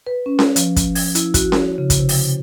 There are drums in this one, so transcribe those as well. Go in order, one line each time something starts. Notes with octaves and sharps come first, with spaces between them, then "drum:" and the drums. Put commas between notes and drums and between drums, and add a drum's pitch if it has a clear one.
B4
C#4
drum: snare C#4
F3, drum: hi-hat
drum: kick, hi-hat
G#6, drum: open hi-hat
E4, drum: hi-hat
F#4, drum: kick, hi-hat
drum: snare C#4
C#3
drum: kick, hi-hat
C3
drum: open hi-hat